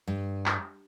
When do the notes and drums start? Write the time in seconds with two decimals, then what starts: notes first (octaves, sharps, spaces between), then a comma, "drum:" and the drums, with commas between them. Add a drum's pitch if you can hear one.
0.07 G2
0.46 drum: clap